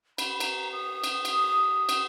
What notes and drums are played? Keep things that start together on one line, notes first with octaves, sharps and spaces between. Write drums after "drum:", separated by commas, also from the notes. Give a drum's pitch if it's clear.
B5, drum: cymbal
A#5, drum: cymbal
D#6
drum: cymbal
drum: cymbal
drum: cymbal